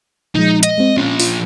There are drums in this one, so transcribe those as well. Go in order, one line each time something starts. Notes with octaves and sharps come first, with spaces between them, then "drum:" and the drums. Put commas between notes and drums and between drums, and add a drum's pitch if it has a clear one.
A#2 F3 G#3 D#4
D#5, drum: hi-hat
G#3 C4
A#2 F3 C#4
F4, drum: open hi-hat